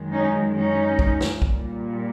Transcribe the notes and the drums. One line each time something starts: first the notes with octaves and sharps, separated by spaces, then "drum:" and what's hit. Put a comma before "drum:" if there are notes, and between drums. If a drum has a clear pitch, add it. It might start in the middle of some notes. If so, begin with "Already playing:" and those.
Already playing: F#2 D#3 G#3
C#4 D#4
C#4 D#4
drum: kick
drum: snare
A#2 G3, drum: kick